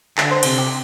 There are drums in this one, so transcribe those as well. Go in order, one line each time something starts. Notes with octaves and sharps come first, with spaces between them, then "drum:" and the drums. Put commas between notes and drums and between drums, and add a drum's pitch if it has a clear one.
D3 A4, drum: clap
C5
C3 A4, drum: cymbal
G4